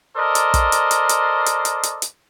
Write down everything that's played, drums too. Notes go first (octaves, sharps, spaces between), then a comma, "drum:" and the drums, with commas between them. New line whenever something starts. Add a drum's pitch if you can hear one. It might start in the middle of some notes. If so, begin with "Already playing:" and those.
A4 A#4 C5 D5 D#5
drum: hi-hat
drum: kick, hi-hat
drum: hi-hat
drum: hi-hat
drum: hi-hat
drum: hi-hat
drum: hi-hat
drum: hi-hat
drum: hi-hat